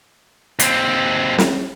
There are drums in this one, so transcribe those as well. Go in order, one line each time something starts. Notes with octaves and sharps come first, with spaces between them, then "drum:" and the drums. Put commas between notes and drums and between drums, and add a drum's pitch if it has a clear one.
D#2 C4, drum: hi-hat
drum: snare